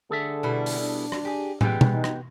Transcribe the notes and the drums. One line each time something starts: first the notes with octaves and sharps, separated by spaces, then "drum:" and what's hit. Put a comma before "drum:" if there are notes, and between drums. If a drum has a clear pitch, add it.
D3 G#4 A4 E5
B2 G3 E4
drum: open hi-hat
D4
drum: rim click
G4 G#4
E3 G3 G#3 B3 G4 G5, drum: tom
drum: tom B2
D#4
drum: rim click